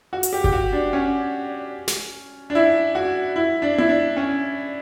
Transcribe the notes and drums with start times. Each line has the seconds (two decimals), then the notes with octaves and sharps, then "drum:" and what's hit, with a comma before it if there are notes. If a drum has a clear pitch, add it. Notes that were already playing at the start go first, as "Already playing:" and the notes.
0.13 F#4
0.23 drum: hi-hat
0.33 G4
0.44 G4, drum: kick G1
0.52 F#4
0.73 D4
0.93 C#4
1.88 drum: snare
2.50 D4
2.55 E4
2.95 F#4
3.36 E4
3.62 D4
3.78 E4, drum: tom B3
3.89 D4
4.17 C#4